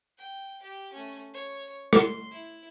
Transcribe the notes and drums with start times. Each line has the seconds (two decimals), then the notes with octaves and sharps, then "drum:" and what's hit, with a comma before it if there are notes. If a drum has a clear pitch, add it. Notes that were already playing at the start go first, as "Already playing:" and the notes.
0.18 G5
0.62 G4
0.93 A3 C#4
1.33 C#5
1.93 C6, drum: rim click
2.31 E4